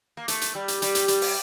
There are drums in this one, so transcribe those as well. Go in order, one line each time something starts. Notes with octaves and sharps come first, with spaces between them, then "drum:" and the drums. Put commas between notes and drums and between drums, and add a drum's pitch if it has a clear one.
A#3
A3, drum: hi-hat
drum: hi-hat
G3
drum: hi-hat
G3, drum: hi-hat
drum: hi-hat
G3, drum: hi-hat
drum: open hi-hat